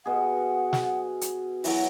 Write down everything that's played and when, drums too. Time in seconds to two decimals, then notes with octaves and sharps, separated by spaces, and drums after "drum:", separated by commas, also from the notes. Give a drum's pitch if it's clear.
0.06 B2 G#4 F#5
0.73 drum: snare
1.21 drum: hi-hat
1.64 E3 F#3 E4 F#4, drum: open hi-hat